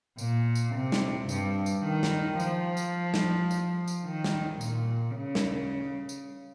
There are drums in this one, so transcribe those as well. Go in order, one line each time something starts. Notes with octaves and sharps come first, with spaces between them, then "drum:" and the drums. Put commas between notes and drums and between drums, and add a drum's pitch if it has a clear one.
A#2, drum: tambourine
drum: tambourine
C3
drum: snare
G2, drum: tambourine
drum: tambourine
D#3
drum: snare
F3, drum: tambourine
drum: tambourine
drum: snare
drum: tambourine
drum: tambourine
D#3
drum: snare
A#2, drum: tambourine
C#3
drum: snare
drum: tambourine